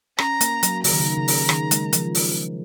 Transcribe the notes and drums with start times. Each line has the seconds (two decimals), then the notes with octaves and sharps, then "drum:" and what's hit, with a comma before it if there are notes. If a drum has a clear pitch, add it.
0.18 C#4 A#5, drum: rim click
0.41 A#3, drum: hi-hat
0.63 F#3, drum: hi-hat
0.84 C#3 A#5, drum: open hi-hat
0.91 D#3
1.00 C#3
1.17 C#3
1.28 drum: open hi-hat
1.49 D#3, drum: rim click
1.71 G#3, drum: hi-hat
1.93 F3, drum: hi-hat
2.15 drum: open hi-hat